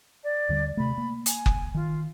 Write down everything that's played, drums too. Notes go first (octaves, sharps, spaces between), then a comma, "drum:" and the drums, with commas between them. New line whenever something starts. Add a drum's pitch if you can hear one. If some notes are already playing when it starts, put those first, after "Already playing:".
D5
D#2 D3 G3
C3 A3 B5
A#3
G#5, drum: hi-hat
drum: kick F#1
D#3 F4